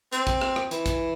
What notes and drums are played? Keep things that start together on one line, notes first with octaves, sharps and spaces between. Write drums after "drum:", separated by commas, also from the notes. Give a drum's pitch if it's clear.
C4, drum: hi-hat
drum: kick, hi-hat
drum: rim click
drum: rim click
E3, drum: hi-hat
drum: kick, hi-hat